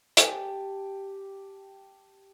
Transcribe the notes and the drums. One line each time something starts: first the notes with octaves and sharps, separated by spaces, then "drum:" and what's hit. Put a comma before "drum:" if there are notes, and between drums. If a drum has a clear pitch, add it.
G4 G#5 A5, drum: hi-hat